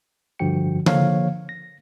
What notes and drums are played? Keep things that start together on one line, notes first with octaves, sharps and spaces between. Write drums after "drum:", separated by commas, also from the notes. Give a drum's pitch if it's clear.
G2 D3 F3 F#4 G5 C#7
D3 F3 A#3 C#5 F5, drum: tom C#3
A#6